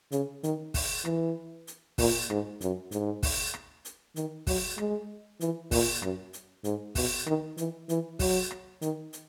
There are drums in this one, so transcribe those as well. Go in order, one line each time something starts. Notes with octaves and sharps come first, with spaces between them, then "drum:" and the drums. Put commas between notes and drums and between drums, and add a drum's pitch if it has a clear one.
C#3, drum: hi-hat
D#3, drum: hi-hat
drum: kick, open hi-hat
E3, drum: rim click
drum: hi-hat
A#2, drum: kick, open hi-hat
G#2, drum: rim click
F#2, drum: hi-hat
G#2, drum: hi-hat
drum: kick, open hi-hat
drum: rim click
drum: hi-hat
D#3, drum: hi-hat
F#3, drum: kick, open hi-hat
G#3, drum: rim click
E3, drum: hi-hat
A#2, drum: kick, open hi-hat
F#2, drum: rim click
drum: hi-hat
G#2, drum: hi-hat
B2, drum: kick, open hi-hat
D#3, drum: rim click
E3, drum: hi-hat
E3, drum: hi-hat
F#3, drum: kick, open hi-hat
drum: rim click
D#3, drum: hi-hat
drum: hi-hat